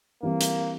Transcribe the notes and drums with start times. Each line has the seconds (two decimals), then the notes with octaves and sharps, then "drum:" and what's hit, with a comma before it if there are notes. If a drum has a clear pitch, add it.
0.23 E3 G3 A#3 C4
0.41 drum: hi-hat